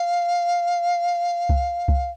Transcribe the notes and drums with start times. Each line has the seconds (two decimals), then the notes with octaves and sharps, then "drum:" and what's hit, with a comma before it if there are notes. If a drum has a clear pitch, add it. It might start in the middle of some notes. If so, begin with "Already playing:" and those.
Already playing: F5
1.49 drum: kick C2
1.88 drum: kick C2